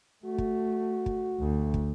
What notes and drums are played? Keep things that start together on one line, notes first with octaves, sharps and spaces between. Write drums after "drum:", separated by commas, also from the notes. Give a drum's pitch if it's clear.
A3 F#4
drum: kick
drum: kick
D2
drum: kick